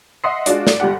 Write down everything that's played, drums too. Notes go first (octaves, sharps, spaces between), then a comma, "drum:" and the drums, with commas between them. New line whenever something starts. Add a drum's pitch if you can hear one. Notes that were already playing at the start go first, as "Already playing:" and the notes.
D#5 E5 F#5 C6 D#6 C7
G#3 D4 F4 F#4 D5, drum: hi-hat
D5, drum: snare
G1 G3 G4 F#5